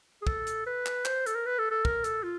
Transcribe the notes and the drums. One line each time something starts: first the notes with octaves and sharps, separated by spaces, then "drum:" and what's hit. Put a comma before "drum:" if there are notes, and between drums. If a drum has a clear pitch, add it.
G#4
A4, drum: kick
drum: hi-hat
B4
drum: clap
C5, drum: clap
A4, drum: hi-hat
A#4
B4
A4
A4
A#4, drum: kick
A4, drum: hi-hat
F4